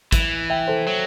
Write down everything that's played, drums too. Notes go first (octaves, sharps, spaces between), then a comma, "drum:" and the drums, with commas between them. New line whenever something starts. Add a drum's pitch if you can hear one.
E3, drum: kick, hi-hat
E5 G5
A4 C5
F#3